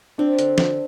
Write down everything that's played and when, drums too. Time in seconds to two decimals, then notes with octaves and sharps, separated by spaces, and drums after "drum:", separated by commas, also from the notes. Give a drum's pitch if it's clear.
0.18 C4 D4
0.39 D3, drum: hi-hat
0.58 D3, drum: snare